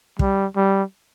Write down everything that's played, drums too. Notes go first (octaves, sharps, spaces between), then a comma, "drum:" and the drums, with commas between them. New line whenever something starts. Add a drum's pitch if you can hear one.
G3, drum: kick
G3